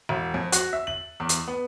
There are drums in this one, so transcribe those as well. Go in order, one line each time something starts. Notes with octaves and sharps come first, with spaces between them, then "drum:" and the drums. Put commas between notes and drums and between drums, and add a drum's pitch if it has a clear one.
E1
F2
F#4, drum: hi-hat
E5
F#7
E2
drum: hi-hat
B3